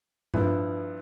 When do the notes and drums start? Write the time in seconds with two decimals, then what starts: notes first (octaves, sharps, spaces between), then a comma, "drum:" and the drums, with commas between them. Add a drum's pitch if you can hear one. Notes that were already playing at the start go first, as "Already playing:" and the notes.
0.34 G2 F3 B3 E4, drum: tom G2